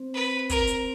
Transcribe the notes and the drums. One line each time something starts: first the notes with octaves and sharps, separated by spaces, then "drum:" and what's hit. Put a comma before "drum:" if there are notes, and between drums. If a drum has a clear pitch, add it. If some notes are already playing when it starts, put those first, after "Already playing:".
Already playing: C4
B4
A#4, drum: kick, hi-hat
drum: hi-hat